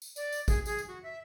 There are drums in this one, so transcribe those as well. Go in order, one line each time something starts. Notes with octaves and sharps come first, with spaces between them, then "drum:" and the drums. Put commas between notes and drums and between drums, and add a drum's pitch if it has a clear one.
drum: tambourine
D5, drum: tambourine
drum: tambourine
G#4, drum: kick, tambourine
G#4, drum: tambourine
drum: tambourine
F#4
E5